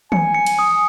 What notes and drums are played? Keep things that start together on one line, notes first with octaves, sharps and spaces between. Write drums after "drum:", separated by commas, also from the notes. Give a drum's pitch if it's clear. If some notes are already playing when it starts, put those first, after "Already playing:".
G#5 C#7, drum: tom D#3
C#7
drum: cymbal
D#6